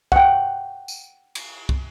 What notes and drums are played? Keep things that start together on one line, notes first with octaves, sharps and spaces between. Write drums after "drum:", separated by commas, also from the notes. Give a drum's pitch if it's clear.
F#5 G5, drum: kick
drum: tambourine
drum: cymbal
drum: kick